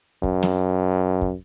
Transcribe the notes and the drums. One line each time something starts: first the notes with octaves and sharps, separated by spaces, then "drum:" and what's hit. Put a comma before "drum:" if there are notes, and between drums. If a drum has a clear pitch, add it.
F#2, drum: kick
drum: snare
drum: kick